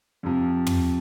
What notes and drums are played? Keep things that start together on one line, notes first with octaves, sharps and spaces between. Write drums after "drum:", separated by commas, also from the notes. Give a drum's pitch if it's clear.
F2 C3 F3
drum: tom